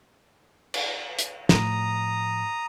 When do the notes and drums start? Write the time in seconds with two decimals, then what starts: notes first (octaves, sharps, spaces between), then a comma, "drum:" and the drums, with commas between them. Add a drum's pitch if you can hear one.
0.74 drum: cymbal
1.19 drum: hi-hat
1.49 A2 F3 A#5 D#6, drum: snare